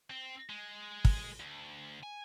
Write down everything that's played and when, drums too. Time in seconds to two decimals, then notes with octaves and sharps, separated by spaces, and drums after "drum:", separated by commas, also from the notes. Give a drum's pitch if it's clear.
0.10 C4
0.50 G#3
1.05 drum: kick
1.40 D2
2.03 G#5